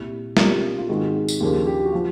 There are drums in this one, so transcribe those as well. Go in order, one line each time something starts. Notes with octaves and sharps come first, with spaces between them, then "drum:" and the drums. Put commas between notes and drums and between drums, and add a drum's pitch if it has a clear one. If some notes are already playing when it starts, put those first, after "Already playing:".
Already playing: C2 A#2 G3 E4
C2 B2 G3 A#3 C#4 F4, drum: snare
F4
G#2 D#3 G#3 C4 F#4
drum: tambourine
D#2 C#3 F3 A#3 D4 G4
G4
F#4
F3 F4